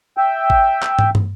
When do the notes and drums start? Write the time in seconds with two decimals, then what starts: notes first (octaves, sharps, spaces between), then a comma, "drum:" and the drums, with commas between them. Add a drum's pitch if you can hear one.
0.17 E5 G5
0.50 drum: kick G#1
0.82 drum: clap
0.99 drum: tom
1.15 drum: tom